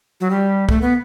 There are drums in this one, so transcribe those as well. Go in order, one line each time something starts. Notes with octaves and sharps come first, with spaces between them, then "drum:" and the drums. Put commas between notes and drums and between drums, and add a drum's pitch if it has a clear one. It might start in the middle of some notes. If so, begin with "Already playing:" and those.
F#3
G3
A3, drum: kick C2
B3